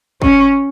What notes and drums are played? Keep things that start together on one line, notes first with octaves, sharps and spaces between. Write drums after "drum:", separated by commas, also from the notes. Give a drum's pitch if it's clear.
C#4, drum: kick